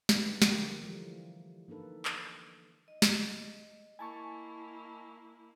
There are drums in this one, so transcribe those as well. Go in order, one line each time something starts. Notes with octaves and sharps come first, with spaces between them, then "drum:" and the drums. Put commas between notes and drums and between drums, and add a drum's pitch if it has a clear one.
D4 D#4 G4 B4, drum: snare
D3 F3 F4 G4 A#4, drum: snare
E3 F3 G3 A3
A#3 D4 D#4 A4 B4
drum: clap
D#5
drum: snare
A#3 E4 G#5 A5 C#6